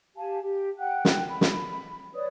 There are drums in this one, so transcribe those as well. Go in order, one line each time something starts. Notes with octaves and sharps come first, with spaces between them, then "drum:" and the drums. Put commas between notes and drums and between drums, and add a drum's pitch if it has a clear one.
G4 F5 G#5 A5
G4
F#5 G5 F#6
drum: snare
B5
drum: snare
B4 C#5 D5 D#6